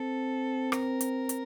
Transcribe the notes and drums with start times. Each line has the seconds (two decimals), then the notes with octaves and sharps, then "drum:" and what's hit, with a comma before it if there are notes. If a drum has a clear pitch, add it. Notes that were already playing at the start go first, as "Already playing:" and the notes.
Already playing: C4 A4
0.72 A#4, drum: rim click
1.01 drum: hi-hat
1.29 drum: hi-hat